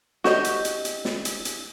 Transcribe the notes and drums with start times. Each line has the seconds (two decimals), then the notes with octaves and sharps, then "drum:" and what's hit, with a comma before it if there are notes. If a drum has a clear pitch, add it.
0.24 F#4 G4 D#5, drum: snare
0.44 drum: hi-hat
0.65 drum: hi-hat
0.85 drum: hi-hat
1.05 drum: snare
1.25 drum: hi-hat
1.45 drum: hi-hat